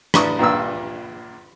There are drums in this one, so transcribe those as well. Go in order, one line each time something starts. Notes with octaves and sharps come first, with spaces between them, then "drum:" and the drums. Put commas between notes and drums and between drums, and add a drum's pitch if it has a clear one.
A1 D4 C#6 D#6, drum: rim click
A#1 G2 A#2 E6